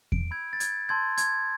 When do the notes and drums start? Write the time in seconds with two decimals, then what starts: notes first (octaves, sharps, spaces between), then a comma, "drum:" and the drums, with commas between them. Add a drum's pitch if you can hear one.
0.12 D7, drum: kick E2
0.31 B5 E6 G6 G#6
0.53 A6
0.60 G#6, drum: hi-hat
0.89 A5 C6 E6 G6 G#6
1.18 G#6, drum: hi-hat